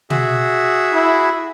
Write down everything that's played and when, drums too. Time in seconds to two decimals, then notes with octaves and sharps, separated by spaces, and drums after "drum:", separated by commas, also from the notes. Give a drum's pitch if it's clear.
0.10 F#4 G#4 E5, drum: tom
0.93 E4